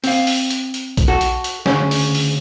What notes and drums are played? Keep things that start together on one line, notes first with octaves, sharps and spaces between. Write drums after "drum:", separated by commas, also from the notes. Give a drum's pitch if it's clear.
C4 F5, drum: open hi-hat
drum: open hi-hat
drum: hi-hat
drum: hi-hat
drum: kick A#1, hi-hat
F#4 A4
drum: hi-hat
drum: hi-hat
D2 C#3 C#4, drum: snare
drum: open hi-hat
drum: open hi-hat